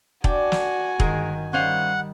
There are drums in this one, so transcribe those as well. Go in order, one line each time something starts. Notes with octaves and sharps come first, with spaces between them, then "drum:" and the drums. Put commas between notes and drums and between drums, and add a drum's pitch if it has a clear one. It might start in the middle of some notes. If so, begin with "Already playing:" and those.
D4 F#4 G5 G#5, drum: kick E1
drum: snare
G1 D#3 G#3 G#4 A#4, drum: kick E1
D#3 G3 C#4 C5 F5 F#5